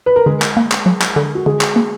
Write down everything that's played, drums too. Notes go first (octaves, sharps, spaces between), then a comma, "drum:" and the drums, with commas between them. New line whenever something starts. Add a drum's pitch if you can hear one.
B4
A#4
D3 G#3 G#4
drum: clap
A#3
drum: clap
F#3
drum: clap
D3
F#4
D3 G#3 G#4
drum: clap
A#3